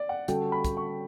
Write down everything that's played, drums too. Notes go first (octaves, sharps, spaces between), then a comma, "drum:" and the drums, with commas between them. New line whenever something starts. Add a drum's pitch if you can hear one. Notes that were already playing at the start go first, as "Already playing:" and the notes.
Already playing: D5
F#5
D3 G3 C#4 F#4 A4 G5, drum: hi-hat
B5
drum: kick, hi-hat
C#6